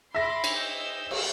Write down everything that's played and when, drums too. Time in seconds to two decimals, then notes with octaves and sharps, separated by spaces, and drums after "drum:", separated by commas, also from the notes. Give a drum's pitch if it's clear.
0.15 E5 B5 C6 D6 A#6
0.44 drum: cymbal
0.54 D#5 E6 G6
1.11 drum: cymbal